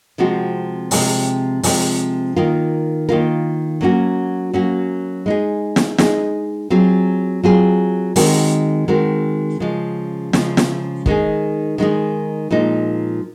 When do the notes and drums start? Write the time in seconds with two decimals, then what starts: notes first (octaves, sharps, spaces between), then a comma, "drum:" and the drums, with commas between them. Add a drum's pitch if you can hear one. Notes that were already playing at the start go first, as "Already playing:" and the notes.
0.18 C3 F3 G#3 C4 F#4
0.91 C3 F3 G#3 C4, drum: open hi-hat
1.63 C3 F3 G#3 C4, drum: open hi-hat
2.36 D#3 A#3 F4 A#4
3.09 D#3 A#3 F4 A#4
3.81 F#3 A#3 C#4 F#4
4.53 F#3 A#3 C#4 F#4
5.26 G#3 D#4 G#4
5.76 drum: snare
5.98 G#3 D#4 G#4, drum: snare
6.70 F#3 C4 F4 G#4
7.43 F#3 C4 F4 G#4
8.16 D#3 G#3 C4 F#4 A#4, drum: open hi-hat
8.88 D#3 G#3 C4 F#4 A#4
9.60 C#3 F3 G#3
10.33 C#3 F3 G#3, drum: snare
10.57 drum: snare
11.06 D#3 G#3 D#4 G#4, drum: kick
11.78 D#3 G#3 D#4 G#4
12.51 A#2 F3 G#3 D#4